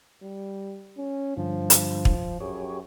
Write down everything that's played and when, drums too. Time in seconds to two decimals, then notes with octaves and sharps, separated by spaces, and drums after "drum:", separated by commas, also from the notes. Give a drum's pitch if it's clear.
0.22 G3
0.97 C#4
1.37 G2 D3 F3
1.70 drum: hi-hat
2.05 drum: kick
2.41 F#2 G4 G#4 C#5